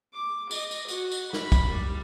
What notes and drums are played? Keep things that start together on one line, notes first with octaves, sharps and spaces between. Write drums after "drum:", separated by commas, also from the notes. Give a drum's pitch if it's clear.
D6
D#5, drum: tambourine
drum: tambourine
F#4, drum: tambourine
drum: tambourine
B5, drum: snare
drum: kick, tambourine
G3